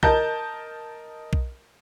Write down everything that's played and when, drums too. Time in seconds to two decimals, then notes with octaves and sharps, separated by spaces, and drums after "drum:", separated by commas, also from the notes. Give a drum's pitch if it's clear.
0.03 A#4 D#5 A5 G6, drum: kick B1
1.33 drum: kick B1